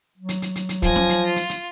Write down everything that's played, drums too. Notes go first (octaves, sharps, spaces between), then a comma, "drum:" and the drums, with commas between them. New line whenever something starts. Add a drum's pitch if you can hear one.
F#3
drum: hi-hat
drum: hi-hat
drum: hi-hat
drum: hi-hat
F3 G#5 A#6, drum: kick, hi-hat
drum: snare
drum: hi-hat
F4
drum: hi-hat
drum: hi-hat